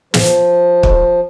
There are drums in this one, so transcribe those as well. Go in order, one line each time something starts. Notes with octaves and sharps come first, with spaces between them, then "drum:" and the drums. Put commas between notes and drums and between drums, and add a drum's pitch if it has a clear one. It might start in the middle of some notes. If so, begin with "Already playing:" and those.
F3, drum: snare
drum: kick